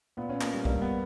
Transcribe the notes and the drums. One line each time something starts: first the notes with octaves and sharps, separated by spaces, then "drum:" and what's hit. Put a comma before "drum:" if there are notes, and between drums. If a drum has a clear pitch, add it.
A#2 B3
C#4
A#3, drum: clap
G3
G2 A#3, drum: kick B1
B3